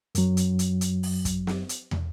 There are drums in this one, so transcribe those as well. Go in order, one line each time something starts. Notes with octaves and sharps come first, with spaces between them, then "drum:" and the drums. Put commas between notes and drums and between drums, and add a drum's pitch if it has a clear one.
F#2 F#3, drum: hi-hat
drum: hi-hat
drum: hi-hat
drum: hi-hat
drum: open hi-hat
drum: kick, hi-hat
drum: snare
drum: hi-hat
drum: tom